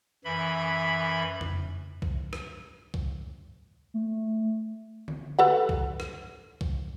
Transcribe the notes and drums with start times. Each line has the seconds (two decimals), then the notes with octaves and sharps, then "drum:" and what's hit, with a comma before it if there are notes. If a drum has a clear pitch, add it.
0.25 F#2 E3 E5 B5
1.41 drum: tom F2
2.02 drum: kick C2
2.33 drum: rim click
2.94 drum: kick C2
3.94 A3
5.08 drum: tom D3
5.39 A4 B4 F#5
5.69 drum: kick C2
6.00 drum: rim click
6.61 drum: kick C2